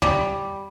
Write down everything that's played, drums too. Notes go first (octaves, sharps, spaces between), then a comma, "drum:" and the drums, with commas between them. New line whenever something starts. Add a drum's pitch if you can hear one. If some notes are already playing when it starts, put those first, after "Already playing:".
G3, drum: tom